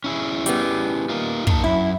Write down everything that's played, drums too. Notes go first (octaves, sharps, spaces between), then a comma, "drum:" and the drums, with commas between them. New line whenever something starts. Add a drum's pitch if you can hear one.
C#4 E4 G#4
G3 B3, drum: hi-hat
A#3 D#4 F4
A#3 D#4 A5, drum: kick
F#2 E4